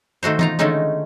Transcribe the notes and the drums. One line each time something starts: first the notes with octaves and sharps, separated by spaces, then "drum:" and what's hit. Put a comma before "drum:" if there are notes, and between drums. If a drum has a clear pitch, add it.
D#3 A3 F#4 C5
D#4 F4 A#5, drum: tom E3
D3 D#3 G#3 A3 C#4 D#4